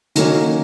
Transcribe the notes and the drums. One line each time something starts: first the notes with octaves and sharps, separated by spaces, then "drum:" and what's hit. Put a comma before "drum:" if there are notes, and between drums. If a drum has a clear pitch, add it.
D#3 F#3 A#3 C#4, drum: hi-hat